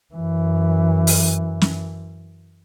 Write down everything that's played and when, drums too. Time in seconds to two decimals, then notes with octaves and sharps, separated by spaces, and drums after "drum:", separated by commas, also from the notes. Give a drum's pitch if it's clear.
0.15 F#2 E3
1.07 drum: open hi-hat
1.61 drum: snare